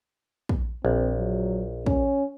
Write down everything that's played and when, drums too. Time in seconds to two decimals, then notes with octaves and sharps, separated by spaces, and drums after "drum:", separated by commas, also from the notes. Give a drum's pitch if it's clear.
0.49 drum: kick
0.85 A#1 C4
1.18 F#3
1.86 C#4, drum: kick